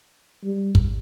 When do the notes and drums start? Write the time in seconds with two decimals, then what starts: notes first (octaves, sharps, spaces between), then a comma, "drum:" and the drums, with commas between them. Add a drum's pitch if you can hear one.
0.44 G3
0.75 drum: kick